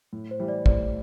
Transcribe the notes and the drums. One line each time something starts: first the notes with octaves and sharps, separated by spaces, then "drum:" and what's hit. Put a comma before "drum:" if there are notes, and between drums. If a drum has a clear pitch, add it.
A2
C5
E3 G3
D5
A2 D5, drum: kick